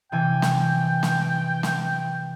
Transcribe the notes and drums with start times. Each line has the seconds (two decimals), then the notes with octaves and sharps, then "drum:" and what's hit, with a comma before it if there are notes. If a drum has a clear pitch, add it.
0.12 C3 E3 G5 G#5
0.42 drum: snare
1.03 drum: snare
1.63 drum: snare